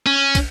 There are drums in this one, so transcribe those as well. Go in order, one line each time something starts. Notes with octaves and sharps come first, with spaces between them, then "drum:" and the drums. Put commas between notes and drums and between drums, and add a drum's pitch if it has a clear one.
C#4
drum: kick, cymbal